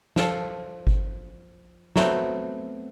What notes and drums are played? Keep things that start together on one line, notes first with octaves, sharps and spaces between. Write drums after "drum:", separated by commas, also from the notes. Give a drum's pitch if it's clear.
F3 F4 A4, drum: snare
drum: kick G1
F#3 A3 B3 C4, drum: snare